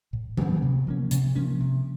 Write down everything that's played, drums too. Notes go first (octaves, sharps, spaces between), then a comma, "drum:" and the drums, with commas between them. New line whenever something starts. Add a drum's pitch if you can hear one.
A2
F#3 A#3 C#4, drum: tom D#3
C3
F3 A#3 C#4
C3, drum: hi-hat
F3 A#3 C#4
C3